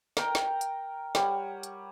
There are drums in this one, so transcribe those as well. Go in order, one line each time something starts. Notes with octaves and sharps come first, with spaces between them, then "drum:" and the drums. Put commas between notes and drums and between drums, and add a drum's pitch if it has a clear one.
A#4 G5 A#5, drum: snare
drum: snare
drum: hi-hat
G3 C#5 F#5, drum: snare
drum: hi-hat